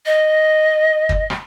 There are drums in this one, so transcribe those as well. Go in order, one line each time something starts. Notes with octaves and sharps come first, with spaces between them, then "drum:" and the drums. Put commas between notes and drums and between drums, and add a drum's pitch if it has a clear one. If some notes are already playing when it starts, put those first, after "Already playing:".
D#5
drum: kick
drum: rim click